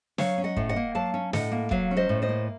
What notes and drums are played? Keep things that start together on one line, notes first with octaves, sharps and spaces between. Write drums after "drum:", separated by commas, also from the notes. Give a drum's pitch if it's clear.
F#3 C#5 F5, drum: snare
C#4
D#5 F#5
A2, drum: kick
D#5 F#5
A#3
F#3 F5 A5
C#4
A2 D#5 F#5, drum: snare
A#3
F#3 C#5 F5, drum: kick
C#4
C5 D#5
A2
C5 D#5
A#3